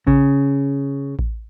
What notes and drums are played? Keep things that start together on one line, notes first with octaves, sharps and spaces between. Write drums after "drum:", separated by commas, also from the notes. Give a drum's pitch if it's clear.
C#3, drum: kick A1
drum: kick A1